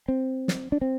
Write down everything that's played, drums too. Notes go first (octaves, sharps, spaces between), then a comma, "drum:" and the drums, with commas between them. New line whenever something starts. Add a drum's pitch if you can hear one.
C4
drum: snare
D4
C4